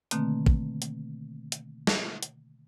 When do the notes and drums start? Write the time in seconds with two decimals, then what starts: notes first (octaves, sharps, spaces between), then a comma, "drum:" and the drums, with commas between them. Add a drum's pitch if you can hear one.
0.11 B2 D3 D#3 A3 A#3 C4, drum: hi-hat
0.46 drum: kick
0.82 drum: hi-hat
1.52 drum: hi-hat
1.87 drum: snare
2.23 drum: hi-hat